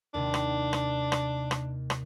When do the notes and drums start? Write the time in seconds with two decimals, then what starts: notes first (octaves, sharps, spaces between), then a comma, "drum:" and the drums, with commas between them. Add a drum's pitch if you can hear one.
0.14 D#2 C3 D4
0.34 drum: rim click
0.73 drum: rim click
1.12 drum: rim click
1.51 drum: rim click
1.90 drum: rim click